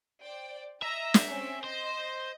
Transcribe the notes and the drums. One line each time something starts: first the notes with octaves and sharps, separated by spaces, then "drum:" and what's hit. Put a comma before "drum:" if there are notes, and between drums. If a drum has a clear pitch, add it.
C5 D5 G5
D#5 E5 A#5
drum: snare
C4 C#4
C5 D#5 G6